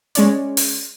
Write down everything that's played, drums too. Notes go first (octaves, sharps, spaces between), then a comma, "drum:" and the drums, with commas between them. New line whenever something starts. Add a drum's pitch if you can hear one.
G#3 C#4 C#5 D5, drum: hi-hat
drum: open hi-hat